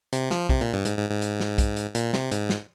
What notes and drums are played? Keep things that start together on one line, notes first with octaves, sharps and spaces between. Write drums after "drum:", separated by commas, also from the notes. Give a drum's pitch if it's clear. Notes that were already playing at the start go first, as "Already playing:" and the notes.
C3, drum: hi-hat
F3, drum: snare
C3, drum: kick B1
A#2
G2
G#2, drum: hi-hat
G#2
G#2
drum: hi-hat
drum: snare
drum: kick B1, hi-hat
drum: hi-hat
A#2, drum: hi-hat
C3, drum: snare
G#2, drum: hi-hat
drum: snare